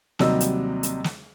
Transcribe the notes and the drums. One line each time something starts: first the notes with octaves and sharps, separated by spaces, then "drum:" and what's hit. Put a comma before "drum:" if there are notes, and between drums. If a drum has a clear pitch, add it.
D#2 C3 F#3 G3 D#5 E6, drum: snare
drum: hi-hat
drum: hi-hat
drum: snare